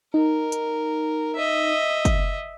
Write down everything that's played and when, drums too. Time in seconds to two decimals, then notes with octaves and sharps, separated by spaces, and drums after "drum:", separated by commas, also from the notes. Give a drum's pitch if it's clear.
0.14 D#4 A#4
0.52 drum: hi-hat
1.36 D#5 E5
2.05 drum: kick F#1, hi-hat